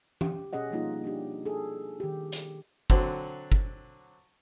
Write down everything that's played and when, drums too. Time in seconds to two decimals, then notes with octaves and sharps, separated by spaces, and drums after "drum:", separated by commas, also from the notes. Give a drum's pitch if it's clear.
0.21 G4, drum: tom E3
0.53 B2 C#4 G#4 D#5 F#5
0.71 F3 G3 A#3 D#4 F4
1.04 D4 G4
1.45 G#4 A4
2.00 D#3 G4
2.32 drum: hi-hat
2.90 D3 F#3 C4, drum: kick G1
3.52 drum: kick G1